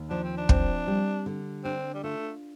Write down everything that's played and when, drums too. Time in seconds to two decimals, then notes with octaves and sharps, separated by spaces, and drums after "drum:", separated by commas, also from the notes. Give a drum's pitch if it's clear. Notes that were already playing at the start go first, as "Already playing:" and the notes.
Already playing: D#2
0.10 F3 D4
0.24 C4
0.37 D4
0.49 C4, drum: kick
0.87 G3
1.26 D3
1.64 C4 D4
1.95 G3
2.03 A3 F4